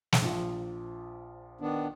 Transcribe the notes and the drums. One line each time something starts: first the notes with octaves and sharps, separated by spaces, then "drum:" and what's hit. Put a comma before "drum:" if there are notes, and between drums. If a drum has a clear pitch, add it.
drum: snare
A#1 F3
D#3 B3 D4